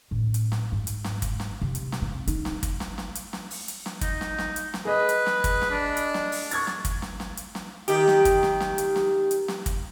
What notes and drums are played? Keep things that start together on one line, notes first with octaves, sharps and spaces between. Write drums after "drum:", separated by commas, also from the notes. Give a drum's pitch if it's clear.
A1
drum: hi-hat
drum: snare
G#2
drum: hi-hat
drum: snare
drum: kick, hi-hat
drum: snare
C3
drum: hi-hat
drum: snare
C4
D#4, drum: hi-hat
drum: snare
drum: kick, hi-hat
drum: snare
drum: snare
drum: hi-hat
drum: snare
drum: open hi-hat
drum: hi-hat
drum: snare
D#4, drum: kick, hi-hat
drum: snare
drum: snare
drum: hi-hat
drum: snare
G#4 B4 D#5
drum: hi-hat
drum: snare
drum: kick, hi-hat
drum: snare
D4
drum: hi-hat
drum: snare
drum: open hi-hat
C#6 G#6 A6, drum: hi-hat
drum: snare
drum: kick, hi-hat
drum: snare
drum: snare
drum: hi-hat
drum: snare
D#3 G4, drum: hi-hat
drum: snare
drum: kick, hi-hat
drum: snare
drum: snare
drum: hi-hat
drum: snare
drum: hi-hat
drum: snare
drum: kick, hi-hat